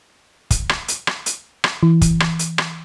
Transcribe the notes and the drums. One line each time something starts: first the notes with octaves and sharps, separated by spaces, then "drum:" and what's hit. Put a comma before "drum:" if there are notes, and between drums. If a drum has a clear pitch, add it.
drum: kick, hi-hat
drum: rim click
drum: hi-hat
drum: rim click
drum: hi-hat
drum: rim click
E3
drum: kick, hi-hat
drum: rim click
drum: hi-hat
drum: rim click